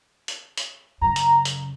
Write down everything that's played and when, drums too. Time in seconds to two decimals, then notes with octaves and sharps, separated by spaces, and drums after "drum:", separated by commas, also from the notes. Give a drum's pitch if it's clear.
0.28 drum: hi-hat
0.57 drum: hi-hat
1.01 F#2 C#3 A#5
1.16 drum: hi-hat
1.45 drum: hi-hat